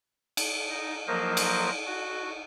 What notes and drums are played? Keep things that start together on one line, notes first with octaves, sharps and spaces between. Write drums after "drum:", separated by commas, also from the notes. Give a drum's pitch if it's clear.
drum: cymbal
D#4
F3 F#3 A#3 A#4 C5 D#5
drum: cymbal
F#4